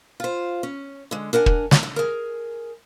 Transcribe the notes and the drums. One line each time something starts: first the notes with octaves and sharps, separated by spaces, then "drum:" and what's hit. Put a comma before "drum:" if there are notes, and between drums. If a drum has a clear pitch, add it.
F4 C5
C#4
D3 G#3
D4 A#4 F#5 G#5
drum: kick
drum: snare
D3
G#4 A#4